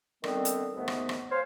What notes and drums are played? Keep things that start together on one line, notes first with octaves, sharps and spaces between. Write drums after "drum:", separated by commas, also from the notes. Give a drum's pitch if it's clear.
D3 D#3 G3 B3 C4, drum: rim click
drum: hi-hat
D#2 G#2 A3 B3
drum: rim click
drum: rim click
C#4 C5 C#5 F5